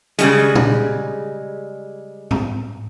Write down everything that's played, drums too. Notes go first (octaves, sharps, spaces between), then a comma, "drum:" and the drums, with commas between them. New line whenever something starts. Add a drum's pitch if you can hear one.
C#3 G3 G#3, drum: hi-hat
drum: tom
drum: tom G#2